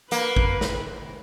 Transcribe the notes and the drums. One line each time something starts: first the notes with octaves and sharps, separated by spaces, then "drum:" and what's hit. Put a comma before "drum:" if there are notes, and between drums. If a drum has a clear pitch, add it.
A#3 B4, drum: hi-hat
drum: kick A1
drum: snare